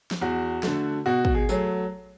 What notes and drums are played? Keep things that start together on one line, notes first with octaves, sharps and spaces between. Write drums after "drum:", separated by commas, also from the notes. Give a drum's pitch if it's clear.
drum: snare
E2 F#4
D3 A3, drum: snare
B2 F#4
drum: kick
G#4
F#3 A3, drum: tambourine